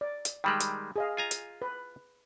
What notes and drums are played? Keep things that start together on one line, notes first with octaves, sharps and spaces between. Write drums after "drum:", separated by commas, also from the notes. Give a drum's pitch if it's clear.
D5
drum: hi-hat
D#3 G3 G#3 G5 B5 E6
drum: hi-hat
G#4 D#5 F5
F4 G#5 A#5
drum: hi-hat
B4